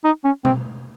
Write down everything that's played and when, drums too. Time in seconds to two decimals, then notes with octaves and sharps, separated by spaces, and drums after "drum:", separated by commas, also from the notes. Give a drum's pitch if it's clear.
0.04 D#4
0.25 C#4
0.45 C4, drum: tom B2